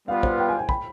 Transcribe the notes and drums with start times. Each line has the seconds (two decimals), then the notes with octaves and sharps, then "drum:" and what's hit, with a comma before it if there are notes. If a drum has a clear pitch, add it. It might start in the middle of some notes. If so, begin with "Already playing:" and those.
0.08 G3 B3 F4 B4 F5
0.23 C5, drum: kick
0.38 G5
0.49 G#5
0.59 G#5
0.69 B5, drum: kick